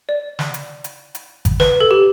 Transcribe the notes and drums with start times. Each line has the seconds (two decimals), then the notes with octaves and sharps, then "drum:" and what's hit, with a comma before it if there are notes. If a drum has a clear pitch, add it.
0.09 D5
0.39 drum: snare
0.54 drum: hi-hat
0.84 drum: hi-hat
1.15 drum: hi-hat
1.45 drum: kick G#1, hi-hat
1.60 B4, drum: snare
1.80 A4
1.91 G4